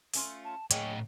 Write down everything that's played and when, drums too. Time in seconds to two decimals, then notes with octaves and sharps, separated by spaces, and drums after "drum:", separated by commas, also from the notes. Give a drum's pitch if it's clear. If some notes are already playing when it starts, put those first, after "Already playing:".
0.14 A3 C#4 F4, drum: open hi-hat
0.44 A5
0.71 A2 A#3 G#4 C#5 D#5 G5, drum: hi-hat